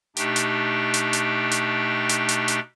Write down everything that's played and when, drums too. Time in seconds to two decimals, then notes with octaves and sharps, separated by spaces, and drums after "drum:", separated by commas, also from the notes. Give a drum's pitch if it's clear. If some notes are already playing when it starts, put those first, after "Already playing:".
0.17 B2 A3 D4 D#4 G4 G5, drum: hi-hat
0.36 drum: hi-hat
0.94 drum: hi-hat
1.13 drum: hi-hat
1.51 drum: hi-hat
2.09 drum: hi-hat
2.29 drum: hi-hat
2.48 drum: hi-hat